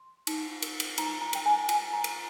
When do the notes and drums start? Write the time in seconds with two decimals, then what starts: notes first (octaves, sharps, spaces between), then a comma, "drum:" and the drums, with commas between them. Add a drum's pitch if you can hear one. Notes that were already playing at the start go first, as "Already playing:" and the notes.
Already playing: C6
0.27 D#4, drum: cymbal
0.62 A#4, drum: cymbal
0.80 drum: cymbal
0.98 D#4 A#5, drum: cymbal
1.22 A#5
1.33 A#4 G5, drum: cymbal
1.46 G#5
1.69 F4 G#5, drum: cymbal
1.93 A#5
2.04 A#4, drum: cymbal